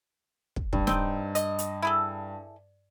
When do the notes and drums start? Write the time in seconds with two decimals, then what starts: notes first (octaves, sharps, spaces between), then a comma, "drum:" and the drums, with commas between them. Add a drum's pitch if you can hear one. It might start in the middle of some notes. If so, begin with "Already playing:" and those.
0.56 drum: kick
0.73 G2, drum: kick
0.87 C4 D#4, drum: snare
1.35 D#5, drum: hi-hat
1.59 drum: hi-hat
1.82 E4 G#4 A4